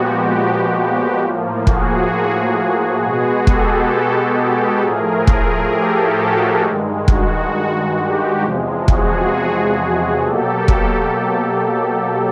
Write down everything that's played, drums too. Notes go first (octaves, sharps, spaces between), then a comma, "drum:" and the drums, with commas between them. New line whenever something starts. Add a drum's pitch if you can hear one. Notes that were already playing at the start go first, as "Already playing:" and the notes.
Already playing: A#2 F3 G#3 B3 F#4 G4
G4
A2 F3 A#3
F#4 G#4, drum: kick
B2 G#3 B3 F#4 G#4
G4 A4, drum: kick
G4 A4
A2 F3 A3 G#4 A#4
G#4 A#4, drum: kick
G4 A4
F#4 G#4
G2 D#3 G#3
F#4, drum: kick
G4
E2 C3 F3 G#3
F#4 G#4, drum: kick
B2 F#3 A#3 G4 A4
drum: kick